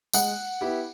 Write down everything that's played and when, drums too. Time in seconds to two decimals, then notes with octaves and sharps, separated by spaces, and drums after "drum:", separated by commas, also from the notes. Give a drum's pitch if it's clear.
0.13 G#3 F#5, drum: tambourine
0.61 B3 E4 G4